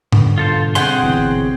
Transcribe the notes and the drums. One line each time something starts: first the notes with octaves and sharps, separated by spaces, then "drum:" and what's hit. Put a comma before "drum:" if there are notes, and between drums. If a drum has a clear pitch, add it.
G2 B2 D3, drum: tom G#2
F4 A4 C5
C4 G#4 C5 C#5 F#5 C6
G1 B2 E3